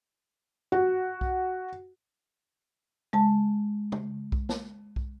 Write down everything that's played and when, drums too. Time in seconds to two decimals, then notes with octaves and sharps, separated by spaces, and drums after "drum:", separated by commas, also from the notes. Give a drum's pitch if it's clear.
0.72 F#4, drum: tom
1.21 drum: kick B1
3.13 G#3 A5, drum: tom
3.92 drum: tom
4.32 drum: kick B1
4.49 drum: snare
4.96 drum: kick B1